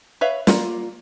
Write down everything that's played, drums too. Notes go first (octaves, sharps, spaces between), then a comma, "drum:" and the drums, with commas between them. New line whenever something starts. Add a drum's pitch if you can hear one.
B4 C#5 E5 F5 B5
A#3 F4 D5 F#5, drum: snare